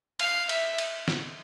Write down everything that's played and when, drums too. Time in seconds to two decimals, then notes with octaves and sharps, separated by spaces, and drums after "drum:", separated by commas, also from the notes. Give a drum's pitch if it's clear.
0.19 F5, drum: cymbal
0.49 E5, drum: cymbal
0.78 drum: cymbal
1.08 drum: snare